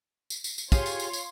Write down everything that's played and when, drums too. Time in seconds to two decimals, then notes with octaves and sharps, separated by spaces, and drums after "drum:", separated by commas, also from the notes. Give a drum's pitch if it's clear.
0.30 drum: tambourine
0.44 drum: tambourine
0.58 drum: tambourine
0.72 F4 G4 G#4 C#5 F5 C6, drum: kick, tambourine
0.86 drum: tambourine
1.00 drum: tambourine
1.13 drum: tambourine